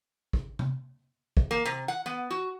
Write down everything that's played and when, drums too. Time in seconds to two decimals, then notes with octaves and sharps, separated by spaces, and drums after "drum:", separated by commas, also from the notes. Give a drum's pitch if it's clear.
0.33 drum: kick G#1
0.59 drum: tom C3
1.37 drum: kick G#1
1.51 A#3
1.65 C3
1.88 F#5
2.06 B3
2.30 F#4